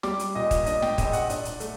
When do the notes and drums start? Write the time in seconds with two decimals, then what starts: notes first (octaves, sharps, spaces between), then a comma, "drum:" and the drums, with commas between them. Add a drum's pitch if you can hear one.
0.03 G3 D6, drum: snare
0.19 drum: hi-hat
0.35 A#2 D#5
0.51 drum: kick, hi-hat
0.66 D4 D#5, drum: hi-hat
0.82 G5, drum: snare
0.98 A#1 D#5, drum: kick, hi-hat
1.13 F#5, drum: hi-hat
1.30 D4, drum: hi-hat
1.45 drum: hi-hat
1.60 A3, drum: hi-hat